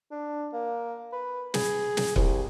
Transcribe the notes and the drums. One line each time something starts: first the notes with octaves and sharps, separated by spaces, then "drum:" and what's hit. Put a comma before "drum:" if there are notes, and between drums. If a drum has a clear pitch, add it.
D4
A#3
B4
G#4, drum: snare
drum: snare
C2, drum: kick